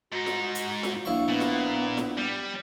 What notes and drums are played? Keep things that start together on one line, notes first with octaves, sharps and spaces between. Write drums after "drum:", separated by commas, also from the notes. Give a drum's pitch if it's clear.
G#2 D#4 F#4
drum: snare F4
drum: hi-hat
drum: snare F4
A#1 E4 F5 C#6
A#2 B3
drum: snare F4
drum: snare F4
G3